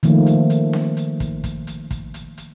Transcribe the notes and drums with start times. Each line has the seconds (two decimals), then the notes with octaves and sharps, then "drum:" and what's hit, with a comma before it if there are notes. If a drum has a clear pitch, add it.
0.03 D#3 F3 A3 A#3, drum: hi-hat
0.26 drum: hi-hat
0.50 drum: hi-hat
0.73 drum: snare C4
0.97 drum: hi-hat
1.20 drum: kick, hi-hat
1.44 drum: kick, hi-hat
1.67 drum: hi-hat
1.91 drum: kick, hi-hat
2.14 drum: hi-hat
2.38 drum: hi-hat